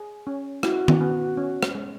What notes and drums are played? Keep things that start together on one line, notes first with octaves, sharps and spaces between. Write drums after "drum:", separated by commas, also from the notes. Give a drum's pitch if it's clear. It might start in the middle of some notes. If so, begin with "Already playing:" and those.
Already playing: G#4
C#4
E4 F#4, drum: rim click
drum: tom D#3
B3
C#4
drum: rim click
G#3